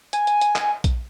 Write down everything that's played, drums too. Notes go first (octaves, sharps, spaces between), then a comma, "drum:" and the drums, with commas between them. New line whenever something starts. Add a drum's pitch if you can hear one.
G#5, drum: hi-hat
drum: hi-hat
drum: hi-hat
drum: clap
drum: kick A#1, hi-hat